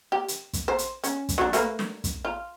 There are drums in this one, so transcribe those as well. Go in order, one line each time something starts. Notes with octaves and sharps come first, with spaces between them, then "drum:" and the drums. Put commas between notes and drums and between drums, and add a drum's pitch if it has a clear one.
G4
drum: hi-hat
drum: kick, hi-hat
C5
drum: hi-hat
C#4, drum: hi-hat
drum: kick, hi-hat
F#3 D4
A3 A#3 B4, drum: hi-hat
drum: snare
drum: kick, hi-hat
F4